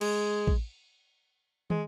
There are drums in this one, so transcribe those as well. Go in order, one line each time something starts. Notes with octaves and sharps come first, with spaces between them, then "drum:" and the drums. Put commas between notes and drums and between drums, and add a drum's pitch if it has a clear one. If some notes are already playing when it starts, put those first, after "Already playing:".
G#3, drum: cymbal
drum: kick A1
G#3, drum: tom